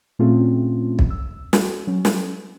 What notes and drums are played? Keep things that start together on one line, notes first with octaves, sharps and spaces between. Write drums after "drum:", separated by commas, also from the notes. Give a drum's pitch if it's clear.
A#2 A3 C4 C#4 F4 G#4
drum: kick
E6
F#4, drum: snare
F#3 C#4
drum: snare